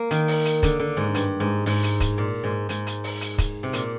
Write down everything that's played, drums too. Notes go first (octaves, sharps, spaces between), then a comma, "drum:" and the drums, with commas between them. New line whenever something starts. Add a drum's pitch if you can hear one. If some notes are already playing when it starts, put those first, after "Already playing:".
Already playing: A#3
D#3, drum: hi-hat
drum: open hi-hat
drum: hi-hat
D3, drum: kick, hi-hat
D3
G#2
G2, drum: hi-hat
G#2
G#2, drum: open hi-hat
drum: hi-hat
drum: kick, hi-hat
A#2
G#2
G#2, drum: hi-hat
drum: hi-hat
drum: open hi-hat
drum: hi-hat
drum: kick, hi-hat
C3
A#2, drum: hi-hat